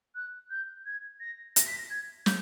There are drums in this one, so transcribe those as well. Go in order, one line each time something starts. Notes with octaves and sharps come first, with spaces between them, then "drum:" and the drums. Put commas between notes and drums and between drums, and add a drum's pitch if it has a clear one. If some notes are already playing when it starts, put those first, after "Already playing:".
F#6
G6
G#6
A#6
A#6, drum: hi-hat
B6
A#6
G#6
G6, drum: snare